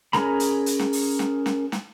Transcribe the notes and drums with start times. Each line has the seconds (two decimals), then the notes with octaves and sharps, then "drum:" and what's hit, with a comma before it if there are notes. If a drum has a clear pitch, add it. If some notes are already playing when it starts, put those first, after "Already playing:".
0.13 C#4 G#4 A#4 A#5 B5, drum: snare
0.40 drum: hi-hat
0.66 drum: hi-hat
0.79 drum: snare
0.93 drum: open hi-hat
1.19 drum: snare
1.46 drum: snare
1.72 drum: snare